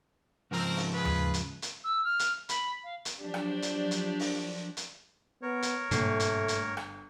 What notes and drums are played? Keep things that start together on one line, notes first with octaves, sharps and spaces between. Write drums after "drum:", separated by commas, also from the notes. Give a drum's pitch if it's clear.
G#2 C#3 F3 C4 A#4
drum: open hi-hat
F4 G#4 B4
drum: tom D#2
drum: hi-hat
drum: hi-hat
E6
F6
drum: hi-hat
B5, drum: hi-hat
F5
drum: hi-hat
F3 F#3 D4 G4
drum: rim click
drum: hi-hat
drum: hi-hat
drum: open hi-hat
drum: hi-hat
B3 A#4 C#5
drum: hi-hat
G1 G#2 B2 A3 A#3, drum: hi-hat
drum: hi-hat
drum: hi-hat
drum: rim click